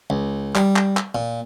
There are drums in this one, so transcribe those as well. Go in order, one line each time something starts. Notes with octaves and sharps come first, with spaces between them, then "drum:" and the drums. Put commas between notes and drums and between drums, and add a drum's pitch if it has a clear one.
C#2
G3, drum: clap
drum: clap
drum: clap
A#2